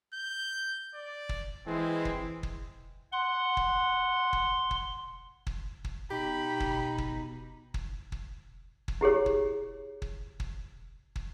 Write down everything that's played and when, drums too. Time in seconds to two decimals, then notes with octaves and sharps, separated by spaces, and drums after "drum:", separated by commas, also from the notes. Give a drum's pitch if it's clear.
0.14 G6
0.95 D5
1.29 drum: kick
1.67 E3 G#3 C4 E4
2.05 drum: kick
2.43 drum: kick
3.12 F#5 C6
3.57 drum: kick
4.33 drum: kick
4.71 drum: kick
5.47 drum: kick
5.84 drum: kick
6.11 B2 D#4 G4 B5
6.60 drum: kick
6.98 drum: kick
7.74 drum: kick
8.12 drum: kick
8.88 drum: kick
9.01 E4 G4 G#4 C#5
9.26 drum: kick
10.02 drum: kick
10.40 drum: kick
11.16 drum: kick